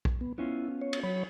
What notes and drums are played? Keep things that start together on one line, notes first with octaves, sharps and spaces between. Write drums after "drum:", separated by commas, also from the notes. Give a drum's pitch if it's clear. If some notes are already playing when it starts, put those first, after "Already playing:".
drum: kick
B3
B3 C#4 E4 F4
C#5
drum: cymbal
F#3 C#5 B5